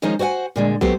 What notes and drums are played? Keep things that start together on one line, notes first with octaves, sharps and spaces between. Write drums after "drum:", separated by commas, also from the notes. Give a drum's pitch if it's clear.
D#3 F3 G#3 C#4 D#4 C5
F#4 C5 C#5 F#5 G#5
A#2 D3 G#3
F#3 A3 B3 G4 C5, drum: kick